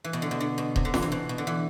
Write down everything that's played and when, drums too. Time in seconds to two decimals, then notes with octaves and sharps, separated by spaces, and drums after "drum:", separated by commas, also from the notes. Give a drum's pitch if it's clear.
0.04 E3
0.13 B2
0.22 D3
0.31 B2
0.40 D3
0.58 B2
0.76 C3, drum: kick D#1
0.85 D3
0.94 E3, drum: snare
1.02 C3
1.12 B2
1.29 B2
1.38 D3
1.47 E3